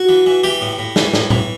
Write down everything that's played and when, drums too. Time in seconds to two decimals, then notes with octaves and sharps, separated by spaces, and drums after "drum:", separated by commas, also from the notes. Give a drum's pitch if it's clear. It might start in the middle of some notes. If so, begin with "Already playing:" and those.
Already playing: F#4
0.09 E3
0.26 E3
0.43 E3 G4
0.61 A2
0.78 A2
0.96 E3, drum: snare
1.13 A2, drum: snare
1.30 E3, drum: tom A2